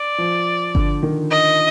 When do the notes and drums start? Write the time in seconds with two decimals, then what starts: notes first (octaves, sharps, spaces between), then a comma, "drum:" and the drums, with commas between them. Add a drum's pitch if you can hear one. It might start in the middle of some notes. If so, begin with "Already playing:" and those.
Already playing: D5
0.18 F3
0.75 D3, drum: kick G1
1.03 D#3
1.31 D#5